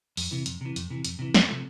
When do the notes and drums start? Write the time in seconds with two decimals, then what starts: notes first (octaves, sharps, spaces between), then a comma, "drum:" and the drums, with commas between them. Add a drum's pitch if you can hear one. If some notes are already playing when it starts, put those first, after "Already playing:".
0.17 F2, drum: open hi-hat
0.31 C3 E3
0.46 F2, drum: hi-hat
0.61 C3 E3
0.76 F2, drum: hi-hat
0.90 C3 E3
1.05 F2, drum: hi-hat
1.19 C3 E3
1.34 E2, drum: snare
1.49 C3 F3 A3